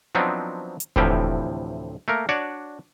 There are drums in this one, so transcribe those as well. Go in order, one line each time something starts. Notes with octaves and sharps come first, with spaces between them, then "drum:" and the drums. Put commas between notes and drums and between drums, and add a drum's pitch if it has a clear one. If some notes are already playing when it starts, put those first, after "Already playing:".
F3 F#3 B3 C4 D4 D#4
drum: hi-hat
D2 A2 C3 E3 F3 G4, drum: kick E1
A3 A#3 A#4
D4 F#4 C#5 D5